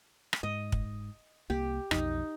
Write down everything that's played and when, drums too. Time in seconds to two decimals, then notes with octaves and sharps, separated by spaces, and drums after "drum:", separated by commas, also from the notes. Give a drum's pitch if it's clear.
0.33 drum: rim click
0.43 G#2 D#5
0.72 drum: kick
1.50 C2 A#3 G4
1.91 B1 F2 D#4, drum: rim click